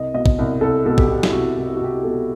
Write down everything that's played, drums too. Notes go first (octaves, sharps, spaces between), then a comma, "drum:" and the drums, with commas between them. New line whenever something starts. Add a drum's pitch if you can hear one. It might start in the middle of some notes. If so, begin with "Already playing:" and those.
Already playing: C2 D#5
B2 D#5
drum: kick
C2
C2 A4
B2 A4
G4, drum: kick
B2
E4, drum: snare
C2 F#4
C2
G4
F#4
C2 G4
B2 A4